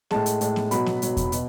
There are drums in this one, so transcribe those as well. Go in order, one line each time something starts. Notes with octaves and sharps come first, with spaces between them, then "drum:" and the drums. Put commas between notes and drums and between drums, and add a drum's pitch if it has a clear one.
A2 G#3 A5, drum: snare B3
drum: hi-hat
A2 G#3, drum: hi-hat
drum: snare B3
B2 F#3 B5, drum: hi-hat
drum: snare B3
B2 F#3, drum: hi-hat
drum: kick E2, hi-hat
B2, drum: hi-hat